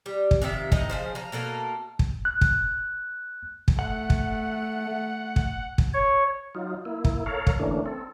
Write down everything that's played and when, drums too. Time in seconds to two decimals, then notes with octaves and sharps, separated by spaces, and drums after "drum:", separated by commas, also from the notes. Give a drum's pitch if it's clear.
0.06 G3
0.31 drum: kick
0.42 C3 D#3 F3 E5
0.72 A2 D#3 D#4 D#5, drum: kick
0.90 C#3 F3 C5
1.15 F3 A#5
1.32 B2 A#3 A4 A#4
1.99 drum: kick
2.25 F#6
2.41 drum: kick
3.68 drum: kick
3.79 A3 F#5
4.10 drum: kick
5.36 drum: kick
5.78 drum: kick
5.94 C#5
6.55 F#3 D#4 F4
6.85 A#3 E4
7.04 drum: kick
7.26 A4 A#4 C#5 F5
7.47 drum: kick
7.59 D3 E3 A3 A#3 C#4 D4
7.86 C4 A4